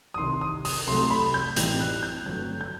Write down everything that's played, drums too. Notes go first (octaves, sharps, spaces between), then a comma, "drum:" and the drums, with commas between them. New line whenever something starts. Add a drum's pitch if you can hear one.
D#6
C2 C3 D#3 C6
D#6
D#6, drum: open hi-hat
C2 C3 F#3 A3 C6
B5
G6
A1 A2 G3 C4 D#4 G6, drum: hi-hat
F#6
G6
G1 G2 F#3 A3 C4 G6
G6